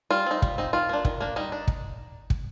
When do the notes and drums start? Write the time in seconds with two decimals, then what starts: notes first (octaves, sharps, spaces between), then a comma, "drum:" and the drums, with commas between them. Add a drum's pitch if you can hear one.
0.11 G3 F4
0.27 C4 D#4
0.42 G3, drum: kick
0.58 C4 D#4
0.73 D#3 F4
0.89 A#3 D4
1.05 D#3, drum: kick
1.21 A#3 D4
1.36 G3 D#4
1.52 D4
1.68 drum: kick
2.30 drum: kick